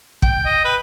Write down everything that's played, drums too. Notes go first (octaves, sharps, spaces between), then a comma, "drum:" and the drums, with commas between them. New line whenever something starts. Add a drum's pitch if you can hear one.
G5, drum: kick
D#5
B4